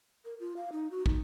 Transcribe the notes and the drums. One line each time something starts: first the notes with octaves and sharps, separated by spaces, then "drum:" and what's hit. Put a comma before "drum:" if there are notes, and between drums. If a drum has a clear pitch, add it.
A#4
F4
F5
D#4
F#4
D#4, drum: kick